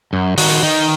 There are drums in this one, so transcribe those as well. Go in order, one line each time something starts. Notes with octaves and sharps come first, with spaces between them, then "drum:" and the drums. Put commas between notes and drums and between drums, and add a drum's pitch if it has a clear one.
F#2
D#3 F#4, drum: open hi-hat
D#3 D#4